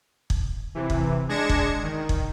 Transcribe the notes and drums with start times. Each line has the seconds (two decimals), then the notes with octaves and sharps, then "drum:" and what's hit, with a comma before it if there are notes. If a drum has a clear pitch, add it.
0.30 drum: kick
0.75 C3 E3
0.90 drum: kick
1.29 G#3 D4 G#6 A#6 C#7 E7
1.49 drum: kick
1.83 D#3
2.09 drum: kick